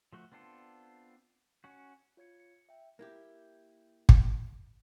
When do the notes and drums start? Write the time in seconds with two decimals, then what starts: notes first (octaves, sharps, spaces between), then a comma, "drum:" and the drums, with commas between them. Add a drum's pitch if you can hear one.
0.13 F3 A3 F#4
0.32 B3 C4 D4 F4 A4
1.64 C#4 F#4
2.17 F4 C#5 G#6 C#7
2.40 C#7
2.69 E5 G5
2.99 A#3 E4 G4
4.09 drum: kick